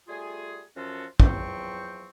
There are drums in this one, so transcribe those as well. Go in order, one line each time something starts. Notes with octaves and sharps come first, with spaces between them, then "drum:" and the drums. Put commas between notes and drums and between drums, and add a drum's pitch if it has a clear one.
G3 A3 F4 G#4
F#2 F3 C#4 F4 F#4 A4
E2 F3 F#3 C4 G5 C#6, drum: kick